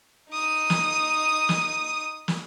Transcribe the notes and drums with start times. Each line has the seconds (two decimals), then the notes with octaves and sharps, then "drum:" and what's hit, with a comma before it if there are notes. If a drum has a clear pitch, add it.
0.30 D#4 D#6
0.70 drum: snare
1.49 drum: snare
2.28 drum: snare